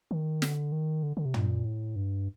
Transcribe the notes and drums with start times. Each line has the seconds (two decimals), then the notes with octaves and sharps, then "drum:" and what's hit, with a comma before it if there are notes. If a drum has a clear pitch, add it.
0.11 D#3
0.42 D3, drum: snare
0.72 D#3
1.03 D3
1.17 D3
1.25 C3
1.34 A#2, drum: tom
1.65 A2
1.96 G2